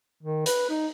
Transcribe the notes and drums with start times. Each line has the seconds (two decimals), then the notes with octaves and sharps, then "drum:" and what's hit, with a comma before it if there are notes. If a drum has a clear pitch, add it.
0.23 D#3
0.46 B4, drum: hi-hat
0.70 D#4